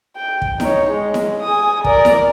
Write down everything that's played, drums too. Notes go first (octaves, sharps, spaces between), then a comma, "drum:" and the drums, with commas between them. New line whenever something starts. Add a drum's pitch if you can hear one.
G5
drum: kick
D#4 C#5, drum: snare E4
G#3
drum: snare E4
G#5 D#6
A#4 D5, drum: kick
drum: snare E4